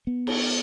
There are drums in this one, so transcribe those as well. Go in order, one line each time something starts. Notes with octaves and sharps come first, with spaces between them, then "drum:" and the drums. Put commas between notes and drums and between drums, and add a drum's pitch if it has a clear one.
B3
drum: cymbal